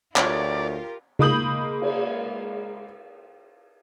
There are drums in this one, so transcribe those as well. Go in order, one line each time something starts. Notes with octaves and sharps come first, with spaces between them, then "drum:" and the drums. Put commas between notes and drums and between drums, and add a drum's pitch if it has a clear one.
D2 F4 G4 A#4 C#5 D5, drum: clap
G#3 A#3 B5 D#6 G6 F#7, drum: tom C#3
drum: cymbal